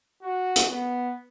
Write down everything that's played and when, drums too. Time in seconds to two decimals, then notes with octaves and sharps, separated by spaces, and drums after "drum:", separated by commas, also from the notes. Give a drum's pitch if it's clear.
0.22 F#4
0.56 drum: hi-hat
0.70 B3